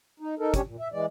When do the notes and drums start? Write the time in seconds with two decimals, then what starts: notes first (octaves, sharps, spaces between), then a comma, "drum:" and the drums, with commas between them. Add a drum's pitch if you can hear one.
0.20 D#4
0.39 D#4 A4 A#4
0.54 G3 C#4 D4 G4 C#5, drum: kick, hi-hat
0.66 A#2
0.80 E5
0.92 E3 G#3 D5